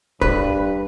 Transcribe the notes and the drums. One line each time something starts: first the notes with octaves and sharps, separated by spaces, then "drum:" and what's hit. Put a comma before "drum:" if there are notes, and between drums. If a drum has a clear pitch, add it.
G2 B4, drum: kick